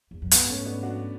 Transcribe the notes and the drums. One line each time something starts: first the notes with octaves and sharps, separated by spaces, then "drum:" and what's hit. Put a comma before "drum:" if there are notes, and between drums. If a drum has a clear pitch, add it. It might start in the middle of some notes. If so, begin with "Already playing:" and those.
E2
F#2
G#2 B3, drum: hi-hat
A3 C#4
B3 D4
D4 F#4